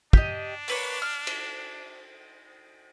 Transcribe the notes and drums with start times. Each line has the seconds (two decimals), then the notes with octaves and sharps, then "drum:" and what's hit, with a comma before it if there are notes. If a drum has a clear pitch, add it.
0.13 D4 G4 D#5, drum: kick
0.68 A#3 B4 C#5, drum: open hi-hat
1.02 F6
1.27 drum: cymbal